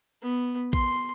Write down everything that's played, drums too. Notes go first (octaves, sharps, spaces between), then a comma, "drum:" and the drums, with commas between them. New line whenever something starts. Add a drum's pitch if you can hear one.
B3
C6, drum: kick A1